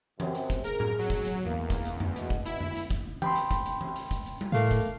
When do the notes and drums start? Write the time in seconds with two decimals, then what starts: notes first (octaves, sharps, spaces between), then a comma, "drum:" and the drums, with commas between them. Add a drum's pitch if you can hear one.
0.20 F#2 C3 C4, drum: tom E3
0.35 drum: hi-hat
0.50 drum: kick, hi-hat
0.64 G#4 A#4, drum: hi-hat
0.80 drum: tom A2
0.99 F#3
1.10 drum: kick, hi-hat
1.25 drum: hi-hat
1.45 E2 A#3
1.70 drum: kick, hi-hat
1.85 drum: hi-hat
2.00 drum: tom F2
2.16 B2, drum: hi-hat
2.30 drum: kick
2.45 E4, drum: hi-hat
2.60 drum: tom F2
2.75 drum: hi-hat
2.91 drum: kick, hi-hat
3.22 G5 B5 C6, drum: tom E3
3.36 drum: hi-hat
3.51 drum: kick, hi-hat
3.66 drum: hi-hat
3.81 drum: tom E3
3.96 drum: hi-hat
4.11 drum: kick, hi-hat
4.26 drum: hi-hat
4.41 drum: tom G3
4.52 A2 A3 A#3 F5
4.71 drum: kick, hi-hat